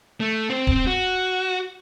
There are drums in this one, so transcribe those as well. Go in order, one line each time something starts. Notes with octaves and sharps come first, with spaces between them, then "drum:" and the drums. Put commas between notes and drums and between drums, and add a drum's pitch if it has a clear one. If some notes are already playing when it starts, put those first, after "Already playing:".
A3
C4 C5
drum: kick D1
F#4